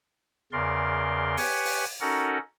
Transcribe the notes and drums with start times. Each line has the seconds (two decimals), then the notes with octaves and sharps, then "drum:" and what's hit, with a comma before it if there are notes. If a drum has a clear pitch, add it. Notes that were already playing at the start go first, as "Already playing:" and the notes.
0.53 E2 C#3 A#4 D5 C6
1.37 G4 B4 C#5 F#5 G#5, drum: open hi-hat
1.65 drum: open hi-hat
2.01 C#4 D#4 F#4 A4 A#4 F#5